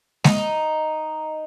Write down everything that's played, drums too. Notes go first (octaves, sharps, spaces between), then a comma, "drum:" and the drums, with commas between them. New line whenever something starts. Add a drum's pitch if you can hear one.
D#4, drum: snare G#3